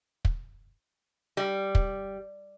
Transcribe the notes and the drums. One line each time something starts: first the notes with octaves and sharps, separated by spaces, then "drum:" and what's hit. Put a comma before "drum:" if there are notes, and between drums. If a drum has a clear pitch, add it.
drum: kick
G3
drum: kick